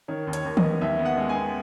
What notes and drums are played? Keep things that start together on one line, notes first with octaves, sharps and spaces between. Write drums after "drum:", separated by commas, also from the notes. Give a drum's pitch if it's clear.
D#3 C#5
D#2
C#5, drum: hi-hat
D#2
D#5, drum: tom D#3
B3
D#2 E5
B3
F#5
G#3
G#5
B3